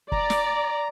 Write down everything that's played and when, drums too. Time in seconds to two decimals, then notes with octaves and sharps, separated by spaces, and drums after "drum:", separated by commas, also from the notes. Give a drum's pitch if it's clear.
0.12 D5 A#5, drum: kick
0.30 drum: snare